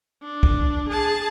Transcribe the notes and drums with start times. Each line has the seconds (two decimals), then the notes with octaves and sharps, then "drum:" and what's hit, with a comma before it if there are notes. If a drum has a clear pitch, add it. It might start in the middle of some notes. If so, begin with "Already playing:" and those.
0.23 D4
0.43 drum: kick
0.89 G#4 A5